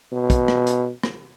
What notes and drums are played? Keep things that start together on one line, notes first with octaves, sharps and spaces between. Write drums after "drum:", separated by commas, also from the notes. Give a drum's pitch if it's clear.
B2
drum: kick, hi-hat
drum: rim click
drum: hi-hat
drum: rim click